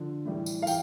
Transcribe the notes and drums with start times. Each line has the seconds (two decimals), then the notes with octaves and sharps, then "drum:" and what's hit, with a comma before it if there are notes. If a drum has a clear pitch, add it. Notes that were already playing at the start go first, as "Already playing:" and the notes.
Already playing: D3 F3
0.25 A2 E3 G3
0.46 drum: tambourine
0.62 F5
0.67 E3 G5, drum: tambourine